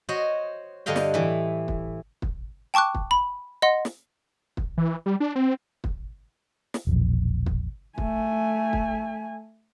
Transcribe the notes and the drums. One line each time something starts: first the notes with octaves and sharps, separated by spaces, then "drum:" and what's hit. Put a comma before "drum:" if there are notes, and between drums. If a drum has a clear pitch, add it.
F#4 C5 C#5 D#5
G2 D3 D#5 F5 G5
drum: snare
A2 E3
drum: kick
drum: kick
G5 A5 C#6 D6 F#6
drum: kick
B5
D#5 F#5 C6
drum: snare
drum: kick
E3
G3
D4
C4
drum: kick
drum: snare
E1 A#1
drum: kick
A3 G#5, drum: kick
drum: kick